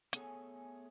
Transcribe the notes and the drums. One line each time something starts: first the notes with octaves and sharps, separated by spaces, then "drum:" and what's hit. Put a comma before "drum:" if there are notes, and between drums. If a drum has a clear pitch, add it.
A3 B3 G#4 A4 C#5 G#5, drum: hi-hat